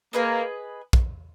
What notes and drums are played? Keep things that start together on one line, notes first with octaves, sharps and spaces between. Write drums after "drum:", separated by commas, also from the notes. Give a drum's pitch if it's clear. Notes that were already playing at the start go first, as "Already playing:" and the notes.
A#3 G#4 B4 D#5
drum: kick